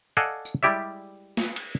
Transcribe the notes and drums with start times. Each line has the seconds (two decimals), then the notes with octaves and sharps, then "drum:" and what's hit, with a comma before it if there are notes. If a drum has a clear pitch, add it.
0.17 A4 D5 D#5 F5 F#5 G#5
0.45 drum: tambourine
0.63 G3 G#3 E4 G4 D5 E5
1.37 drum: snare
1.56 drum: cymbal